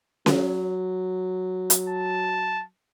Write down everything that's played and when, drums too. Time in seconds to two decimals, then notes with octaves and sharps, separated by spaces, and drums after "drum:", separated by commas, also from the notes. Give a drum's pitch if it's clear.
0.26 F#3, drum: snare C#4
1.70 drum: hi-hat
1.89 A5